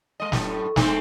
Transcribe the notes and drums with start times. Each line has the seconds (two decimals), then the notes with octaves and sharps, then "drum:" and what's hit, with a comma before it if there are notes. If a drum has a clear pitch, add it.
0.20 G#3 D#5
0.32 F#2 A2, drum: snare
0.76 G2 A3 C4, drum: snare